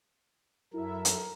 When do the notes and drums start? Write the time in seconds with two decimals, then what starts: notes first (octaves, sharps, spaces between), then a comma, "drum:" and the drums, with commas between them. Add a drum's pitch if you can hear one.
0.74 F#2 F#3 E4 A4 A#4 E5
1.05 drum: hi-hat